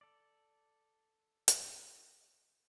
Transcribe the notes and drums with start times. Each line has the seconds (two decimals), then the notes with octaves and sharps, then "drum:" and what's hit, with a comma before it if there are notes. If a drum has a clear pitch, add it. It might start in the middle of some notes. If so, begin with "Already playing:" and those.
0.01 A4 D5
1.48 drum: hi-hat